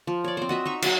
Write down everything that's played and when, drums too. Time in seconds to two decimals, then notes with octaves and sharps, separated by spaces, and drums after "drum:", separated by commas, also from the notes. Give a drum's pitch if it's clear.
0.07 F3
0.24 C#5 D5
0.37 C4 C5
0.49 F#4 D#5 E5
0.65 D#4 E5 C#6
0.82 F#3 F#4, drum: cymbal